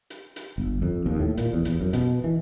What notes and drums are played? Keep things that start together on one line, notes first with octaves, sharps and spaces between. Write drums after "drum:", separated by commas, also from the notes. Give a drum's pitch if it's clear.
drum: hi-hat
drum: hi-hat
G1
F2
D#2
A2
A#2, drum: hi-hat
E2
E2, drum: hi-hat
F#2
B2, drum: hi-hat
E3